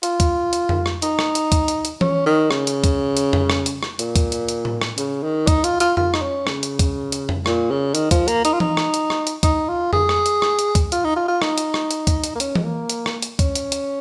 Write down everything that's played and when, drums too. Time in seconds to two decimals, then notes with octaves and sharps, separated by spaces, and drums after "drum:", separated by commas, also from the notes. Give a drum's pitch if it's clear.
0.03 F4, drum: hi-hat
0.20 drum: kick C#2, hi-hat
0.53 drum: hi-hat
0.69 drum: tom F2
0.86 drum: rim click
1.02 D#4, drum: hi-hat
1.19 drum: rim click
1.35 drum: hi-hat
1.52 drum: kick C#2, hi-hat
1.68 drum: hi-hat
1.85 drum: hi-hat
2.01 C#4, drum: tom E3
2.26 D#3
2.51 C#3, drum: rim click
2.67 drum: hi-hat
2.84 drum: kick C#2, hi-hat
3.17 drum: hi-hat
3.33 drum: tom F2
3.50 drum: rim click
3.66 drum: hi-hat
3.83 drum: rim click
3.99 A#2, drum: hi-hat
4.16 drum: kick C#2, hi-hat
4.32 drum: hi-hat
4.49 drum: hi-hat
4.65 drum: tom A2
4.82 drum: rim click
4.98 C#3, drum: hi-hat
5.23 D#3
5.47 D#4, drum: kick C#2, hi-hat
5.64 F4, drum: hi-hat
5.80 F4, drum: hi-hat
5.97 F4, drum: tom F2
6.14 D#4, drum: rim click
6.22 C#4
6.47 C#3, drum: rim click
6.63 drum: hi-hat
6.79 drum: kick C#2, hi-hat
7.12 drum: hi-hat
7.29 drum: tom F2
7.46 A#2, drum: rim click
7.70 C#3
7.95 D#3, drum: hi-hat
8.11 F3, drum: kick C#2, hi-hat
8.28 A#3, drum: hi-hat
8.45 D#4, drum: hi-hat
8.53 F4
8.60 D#4, drum: tom E3
8.77 drum: rim click
8.94 drum: hi-hat
9.10 drum: rim click
9.27 drum: hi-hat
9.43 D#4, drum: kick C#2, hi-hat
9.68 F4
9.93 G#4, drum: tom F2
10.09 drum: rim click
10.26 drum: hi-hat
10.42 drum: rim click
10.59 drum: hi-hat
10.75 drum: kick C#2, hi-hat
10.92 F4, drum: hi-hat
11.04 D#4
11.16 F4
11.28 F4
11.42 D#4, drum: rim click
11.58 drum: hi-hat
11.74 drum: rim click
11.91 drum: hi-hat
12.07 drum: kick C#2, hi-hat
12.24 drum: hi-hat
12.35 A#3
12.40 C#4, drum: hi-hat
12.55 G#3, drum: tom E3
12.64 A#3
12.90 drum: hi-hat
13.06 drum: rim click
13.22 drum: hi-hat
13.39 C#4, drum: kick C#2, hi-hat
13.55 drum: hi-hat
13.72 drum: hi-hat